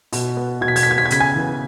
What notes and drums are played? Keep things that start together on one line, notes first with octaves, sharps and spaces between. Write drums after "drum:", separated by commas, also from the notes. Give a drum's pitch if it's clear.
B2, drum: open hi-hat
B3
B2 G#6
B6
G#6, drum: open hi-hat
B6
B3
G#6
B6
G#6
C#3 B6, drum: hi-hat
G#5 G#6
E3 B3